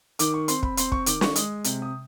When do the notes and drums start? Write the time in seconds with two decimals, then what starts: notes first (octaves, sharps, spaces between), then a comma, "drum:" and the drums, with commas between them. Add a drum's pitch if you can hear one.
0.19 D#3 D6, drum: hi-hat
0.34 C#6
0.48 C4 C6, drum: hi-hat
0.63 B5, drum: kick
0.77 C4 C6, drum: hi-hat
0.92 C#6, drum: kick
1.06 D#3 D6, drum: hi-hat
1.21 C#6, drum: snare
1.36 G#3 D#6, drum: hi-hat
1.64 C3, drum: hi-hat
1.82 D#6